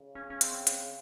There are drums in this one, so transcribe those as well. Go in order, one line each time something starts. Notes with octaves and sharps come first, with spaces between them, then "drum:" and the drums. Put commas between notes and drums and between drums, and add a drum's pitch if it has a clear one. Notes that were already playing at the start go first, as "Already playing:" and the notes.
Already playing: C#3
C#4
C#4
C4, drum: hi-hat
drum: hi-hat